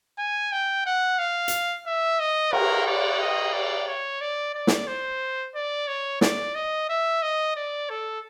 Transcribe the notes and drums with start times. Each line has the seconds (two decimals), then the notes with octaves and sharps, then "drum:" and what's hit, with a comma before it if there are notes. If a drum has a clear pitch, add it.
0.18 G#5
0.52 G5
0.86 F#5
1.18 F5
1.48 drum: hi-hat
1.86 E5
2.20 D#5
2.53 A#4, drum: cymbal
2.87 D5
3.20 D#5
3.53 D5
3.88 C#5
4.21 D5
4.54 D5
4.67 drum: snare
4.87 C5
5.55 D5
5.88 C#5
6.21 D5, drum: snare
6.55 D#5
6.89 E5
7.22 D#5
7.56 D5
7.90 A4